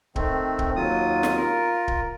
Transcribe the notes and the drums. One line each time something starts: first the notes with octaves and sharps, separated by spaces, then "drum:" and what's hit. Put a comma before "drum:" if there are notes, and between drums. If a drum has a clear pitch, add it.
D#3 A3 C4, drum: kick D1
drum: kick D1
D#2 F#3 F4 D#6
drum: snare
F4 A#4
drum: kick D1